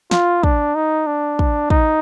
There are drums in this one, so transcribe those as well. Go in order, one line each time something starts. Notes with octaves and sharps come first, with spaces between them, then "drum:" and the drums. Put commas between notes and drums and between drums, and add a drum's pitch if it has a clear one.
F4, drum: snare
D4, drum: kick
D#4
D4
drum: kick
D#4, drum: kick